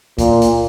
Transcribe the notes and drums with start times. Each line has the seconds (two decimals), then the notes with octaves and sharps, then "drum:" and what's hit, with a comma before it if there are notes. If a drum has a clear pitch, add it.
0.18 A#2, drum: kick C#2, hi-hat
0.42 drum: hi-hat